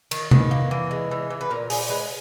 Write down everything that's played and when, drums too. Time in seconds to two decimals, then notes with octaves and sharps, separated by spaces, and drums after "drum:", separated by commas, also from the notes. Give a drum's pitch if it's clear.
0.11 D#3, drum: cymbal
0.31 D#3 B4, drum: tom C3
0.51 A#3
0.71 E3
0.91 G#3
1.11 E3
1.30 E3
1.41 B4
1.50 A#2 A#4
1.70 A#2 G#4, drum: open hi-hat
1.90 G#3 B4